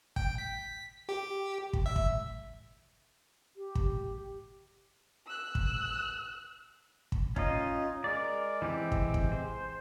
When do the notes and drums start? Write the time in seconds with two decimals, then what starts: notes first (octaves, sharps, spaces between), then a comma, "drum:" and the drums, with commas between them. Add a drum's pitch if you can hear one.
0.16 G5, drum: kick
0.38 B6
1.09 G4
1.73 drum: kick
1.86 E5
1.96 drum: kick
3.56 G4
3.75 drum: kick
5.27 E6 F#6
5.55 drum: kick
7.12 drum: kick
7.36 C#4 D#4 F4 D#5, drum: kick
8.04 G#3 A#4 D5
8.62 E3 C4 G4
8.92 drum: kick
9.14 drum: kick
9.32 C5